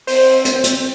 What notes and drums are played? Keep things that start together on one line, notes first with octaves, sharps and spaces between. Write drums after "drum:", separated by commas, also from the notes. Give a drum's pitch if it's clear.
C4 C5, drum: open hi-hat
drum: hi-hat
drum: hi-hat